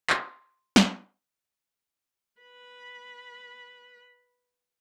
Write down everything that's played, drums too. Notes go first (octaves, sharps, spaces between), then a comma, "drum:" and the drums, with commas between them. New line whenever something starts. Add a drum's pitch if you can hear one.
C6, drum: clap
drum: snare
B4 B5